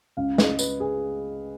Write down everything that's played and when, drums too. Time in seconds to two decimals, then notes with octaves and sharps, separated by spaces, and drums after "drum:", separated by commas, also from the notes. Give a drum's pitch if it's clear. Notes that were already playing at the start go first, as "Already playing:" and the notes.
0.17 C#2 C#3 F5
0.38 D#5, drum: snare
0.59 B4, drum: tambourine
0.80 G#4